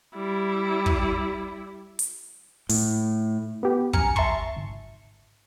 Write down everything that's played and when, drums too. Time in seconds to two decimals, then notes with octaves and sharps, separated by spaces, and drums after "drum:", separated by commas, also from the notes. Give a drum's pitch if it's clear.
0.16 G3 E4
0.86 drum: kick
1.99 drum: hi-hat
2.69 A2, drum: open hi-hat
3.63 B3 G4
3.93 A#1 F#2 G#5 A#5 F6 C#7, drum: kick
4.16 E5 A5 A#5 C6 C#6, drum: kick
4.56 G#1